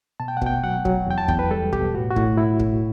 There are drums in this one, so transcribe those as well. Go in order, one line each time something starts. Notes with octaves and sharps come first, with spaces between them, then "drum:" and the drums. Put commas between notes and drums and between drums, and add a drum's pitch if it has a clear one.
B2 A5
G5
F#5
B2 G5, drum: kick
F#3 F#5
F#3, drum: kick
E2 G5
A5
E2 G5, drum: kick
B4
G3 A4
B2 G4, drum: kick
A2 F#4
F#4
A2 E4, drum: kick
A2 E4
A2, drum: kick